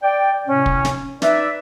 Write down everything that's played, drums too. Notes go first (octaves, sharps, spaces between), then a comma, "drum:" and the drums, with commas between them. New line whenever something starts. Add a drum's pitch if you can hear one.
D5 G5
A2 C3 C#4
drum: kick
drum: snare
D#4 B4 D5 E5, drum: snare